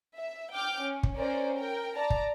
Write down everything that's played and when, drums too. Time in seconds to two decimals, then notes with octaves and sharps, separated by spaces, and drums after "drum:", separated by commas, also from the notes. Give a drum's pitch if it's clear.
0.17 E5
0.51 G5 D6 F6 G6
0.81 C#4
1.03 drum: kick
1.15 C#4 A#4 C5 D5
1.56 A#4 G5
1.97 D5 A5 A#5
2.10 drum: kick